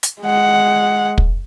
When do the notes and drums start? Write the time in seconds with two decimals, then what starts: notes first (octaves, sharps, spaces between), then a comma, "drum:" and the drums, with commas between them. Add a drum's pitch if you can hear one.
0.03 drum: hi-hat
0.22 G#3 F#5
1.18 drum: kick